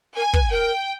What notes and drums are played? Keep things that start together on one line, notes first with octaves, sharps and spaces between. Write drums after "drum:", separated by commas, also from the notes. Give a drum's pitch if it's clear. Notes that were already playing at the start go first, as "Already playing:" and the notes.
A#4 G#5
B4, drum: kick
A#4 G5